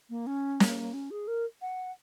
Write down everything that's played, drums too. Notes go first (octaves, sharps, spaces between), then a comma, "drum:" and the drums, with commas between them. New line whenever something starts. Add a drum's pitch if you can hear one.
A#3
C#4
A#3, drum: snare
C#4
G#4
A#4
F#5